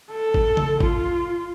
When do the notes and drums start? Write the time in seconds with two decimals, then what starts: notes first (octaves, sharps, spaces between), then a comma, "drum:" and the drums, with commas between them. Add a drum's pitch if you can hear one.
0.11 A4
0.34 drum: kick G#1
0.57 drum: tom C#3
0.80 F4, drum: kick G#1